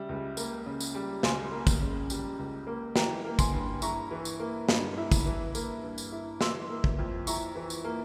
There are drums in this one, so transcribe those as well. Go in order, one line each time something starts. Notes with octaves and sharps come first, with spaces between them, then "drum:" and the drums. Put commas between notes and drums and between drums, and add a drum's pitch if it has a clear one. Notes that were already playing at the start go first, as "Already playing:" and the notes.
Already playing: C#3 G3 E5
C#2
A#3, drum: tambourine
C#3
drum: tambourine
G3
C#2 G#5 C6, drum: snare
A#3
drum: kick, tambourine
C#3
G3, drum: tambourine
C#2
A#3
E3 G5 A#5, drum: snare
A#3
G#5 C6, drum: kick, tambourine
G2
E4 A#5 C#6, drum: tambourine
E3
drum: tambourine
A#3
G2, drum: snare
E4
drum: kick, tambourine
E3
A#3, drum: tambourine
G2
drum: tambourine
E4
E3 C6 E6, drum: snare
A#3
drum: kick
F2
E4 A#5 C#6, drum: tambourine
E3
drum: tambourine
A#3